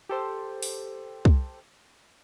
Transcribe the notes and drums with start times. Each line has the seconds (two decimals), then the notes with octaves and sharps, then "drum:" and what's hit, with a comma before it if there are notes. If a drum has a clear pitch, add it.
0.09 G4 A4 C5
0.63 drum: open hi-hat
1.25 drum: kick